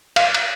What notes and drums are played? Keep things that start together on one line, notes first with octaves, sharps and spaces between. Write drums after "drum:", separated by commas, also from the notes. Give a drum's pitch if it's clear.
F5, drum: cymbal
drum: cymbal